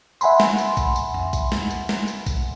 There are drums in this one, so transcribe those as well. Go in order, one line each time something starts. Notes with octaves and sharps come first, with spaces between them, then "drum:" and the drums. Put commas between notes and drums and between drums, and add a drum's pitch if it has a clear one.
E5 F#5 G#5 B5 C6, drum: tambourine
drum: snare
drum: tambourine
drum: kick, tambourine
drum: tambourine
drum: tom F2
drum: kick, tambourine
drum: snare
drum: tambourine
drum: snare
drum: tambourine
drum: kick, tambourine